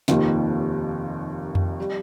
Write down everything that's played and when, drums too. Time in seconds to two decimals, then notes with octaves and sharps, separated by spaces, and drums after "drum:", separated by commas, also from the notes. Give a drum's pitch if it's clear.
0.08 F1 D#2 D#3 A#3 F4, drum: snare
1.55 drum: tom F2
1.80 G3